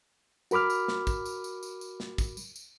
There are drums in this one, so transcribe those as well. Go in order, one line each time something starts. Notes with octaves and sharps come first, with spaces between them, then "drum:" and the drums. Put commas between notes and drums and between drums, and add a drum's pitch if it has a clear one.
F#4 A#4 B5 D6 F6, drum: tambourine
drum: tambourine
drum: snare
drum: kick, tambourine
drum: tambourine
drum: tambourine
drum: tambourine
drum: tambourine
drum: snare
drum: kick, tambourine
drum: tambourine
drum: tambourine